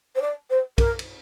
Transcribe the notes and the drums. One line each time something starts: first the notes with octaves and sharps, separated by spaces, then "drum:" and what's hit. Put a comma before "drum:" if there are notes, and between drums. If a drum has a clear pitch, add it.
C5
D5
C5
A#4, drum: kick, cymbal
drum: cymbal